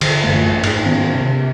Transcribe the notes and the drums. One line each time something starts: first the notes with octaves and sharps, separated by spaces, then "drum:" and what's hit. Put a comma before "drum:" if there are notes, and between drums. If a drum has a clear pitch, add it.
D3, drum: cymbal
A1 F#2 A3
G#2, drum: cymbal
D#3 B3 C#4
C3